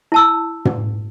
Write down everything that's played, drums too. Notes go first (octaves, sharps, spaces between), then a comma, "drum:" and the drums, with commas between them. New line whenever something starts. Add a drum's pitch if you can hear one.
E4 A5 E6
drum: tom